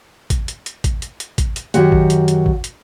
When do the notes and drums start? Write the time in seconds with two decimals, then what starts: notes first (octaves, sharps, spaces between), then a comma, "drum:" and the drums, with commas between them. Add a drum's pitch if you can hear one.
0.30 drum: kick, hi-hat
0.48 drum: hi-hat
0.66 drum: hi-hat
0.84 drum: kick, hi-hat
1.02 drum: hi-hat
1.20 drum: hi-hat
1.38 drum: kick, hi-hat
1.56 drum: hi-hat
1.74 F#2 D#3 F#4 G4 F#5, drum: hi-hat
1.92 drum: kick
2.10 drum: hi-hat
2.28 drum: hi-hat
2.46 drum: kick
2.64 drum: hi-hat